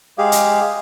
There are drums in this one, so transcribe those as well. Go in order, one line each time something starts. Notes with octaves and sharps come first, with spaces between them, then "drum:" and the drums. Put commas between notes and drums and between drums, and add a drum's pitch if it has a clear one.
G#3 G4 G#4 F5
drum: hi-hat